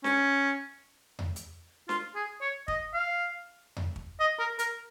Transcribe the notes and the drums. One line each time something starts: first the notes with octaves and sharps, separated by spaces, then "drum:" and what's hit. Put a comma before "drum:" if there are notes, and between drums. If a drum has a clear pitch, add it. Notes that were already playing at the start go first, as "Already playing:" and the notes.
C#4, drum: snare
drum: tom E2
drum: hi-hat
F4, drum: snare
G#4
C#5
D#5, drum: kick
F5
drum: tom E2
drum: kick
D#5
A#4
A#4, drum: hi-hat